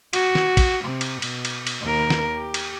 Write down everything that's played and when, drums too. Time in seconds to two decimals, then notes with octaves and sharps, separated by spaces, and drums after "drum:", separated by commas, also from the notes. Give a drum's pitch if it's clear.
0.13 F#4, drum: cymbal
0.35 drum: snare
0.57 drum: kick, cymbal
0.85 C3
1.01 drum: cymbal
1.22 B2, drum: cymbal
1.45 drum: cymbal
1.67 drum: cymbal
1.82 D#2 A#4
2.10 drum: snare
2.36 G4
2.54 drum: cymbal